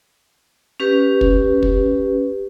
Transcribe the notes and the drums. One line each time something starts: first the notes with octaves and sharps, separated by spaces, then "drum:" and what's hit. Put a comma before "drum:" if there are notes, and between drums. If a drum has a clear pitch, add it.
C#4 G4 B4
drum: kick
drum: kick